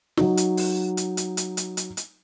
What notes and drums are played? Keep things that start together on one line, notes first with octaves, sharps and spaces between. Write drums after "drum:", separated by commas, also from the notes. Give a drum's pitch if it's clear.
F#3 D#4, drum: snare
drum: hi-hat
drum: open hi-hat
drum: hi-hat
drum: hi-hat
drum: hi-hat
drum: hi-hat
drum: hi-hat
drum: hi-hat